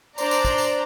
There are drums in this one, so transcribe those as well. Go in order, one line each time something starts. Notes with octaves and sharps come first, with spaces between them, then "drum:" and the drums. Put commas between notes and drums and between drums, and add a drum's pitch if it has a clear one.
D4 C5 D5 A#5, drum: tambourine
drum: tambourine
drum: kick, tambourine
drum: tambourine